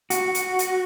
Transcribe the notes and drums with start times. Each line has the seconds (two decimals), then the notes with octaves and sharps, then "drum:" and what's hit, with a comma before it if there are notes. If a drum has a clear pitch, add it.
0.10 F#4, drum: hi-hat
0.35 drum: hi-hat
0.59 drum: hi-hat